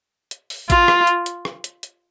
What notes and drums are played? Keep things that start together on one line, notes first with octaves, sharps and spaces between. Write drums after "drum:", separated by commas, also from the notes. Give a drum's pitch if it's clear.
drum: hi-hat
drum: open hi-hat
F4, drum: kick A1, hi-hat
drum: rim click
drum: hi-hat
drum: hi-hat
drum: rim click
drum: hi-hat
drum: hi-hat